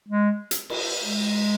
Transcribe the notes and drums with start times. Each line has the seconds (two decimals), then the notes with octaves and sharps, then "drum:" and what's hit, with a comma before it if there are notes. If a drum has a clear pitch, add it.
0.09 G#3
0.51 drum: hi-hat
0.70 drum: cymbal
1.02 G#3